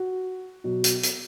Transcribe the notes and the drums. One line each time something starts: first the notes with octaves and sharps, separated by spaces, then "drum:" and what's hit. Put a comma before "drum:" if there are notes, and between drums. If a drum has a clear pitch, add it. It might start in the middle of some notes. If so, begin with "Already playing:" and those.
Already playing: F#4
B2 F#3
drum: hi-hat
drum: hi-hat